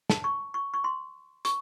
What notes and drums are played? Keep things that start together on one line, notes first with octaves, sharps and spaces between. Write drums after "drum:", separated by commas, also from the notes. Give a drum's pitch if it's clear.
A5, drum: snare
C#6
C#6
C#6
C6
C#6, drum: hi-hat